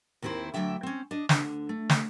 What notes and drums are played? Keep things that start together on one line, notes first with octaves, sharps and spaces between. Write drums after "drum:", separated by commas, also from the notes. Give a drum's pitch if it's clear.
D#2 D#3 C4 E4 C5
D2 C3 F#3 D4 E5 G5
C4 C#4
D4 D#5
D2 D3, drum: snare
A3
drum: snare